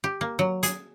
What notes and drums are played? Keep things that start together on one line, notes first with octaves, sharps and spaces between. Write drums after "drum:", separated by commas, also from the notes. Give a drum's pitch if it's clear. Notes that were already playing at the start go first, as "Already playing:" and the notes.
G4
A#3
F#3
G#4, drum: hi-hat